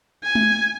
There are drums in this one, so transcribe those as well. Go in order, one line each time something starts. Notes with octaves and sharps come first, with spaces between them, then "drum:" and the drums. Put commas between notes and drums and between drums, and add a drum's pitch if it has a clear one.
G#5
drum: tom G#3